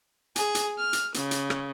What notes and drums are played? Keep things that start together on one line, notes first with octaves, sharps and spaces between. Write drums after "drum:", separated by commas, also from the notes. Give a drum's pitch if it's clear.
G#4, drum: hi-hat
drum: hi-hat
F6
drum: hi-hat
C#3, drum: hi-hat
drum: hi-hat
drum: rim click